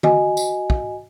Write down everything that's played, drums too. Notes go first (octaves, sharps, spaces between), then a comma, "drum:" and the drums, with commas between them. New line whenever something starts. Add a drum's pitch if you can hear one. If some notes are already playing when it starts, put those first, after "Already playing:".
F#4 D#5 G#5, drum: tom D3
drum: tambourine
drum: kick